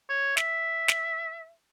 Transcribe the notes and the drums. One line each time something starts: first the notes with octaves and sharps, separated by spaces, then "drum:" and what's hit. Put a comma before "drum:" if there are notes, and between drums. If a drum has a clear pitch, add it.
C#5
E5, drum: snare
drum: snare